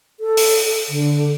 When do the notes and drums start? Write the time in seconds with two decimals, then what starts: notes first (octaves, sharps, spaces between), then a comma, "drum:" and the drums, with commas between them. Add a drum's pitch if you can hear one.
0.20 A4
0.37 drum: open hi-hat
0.89 D3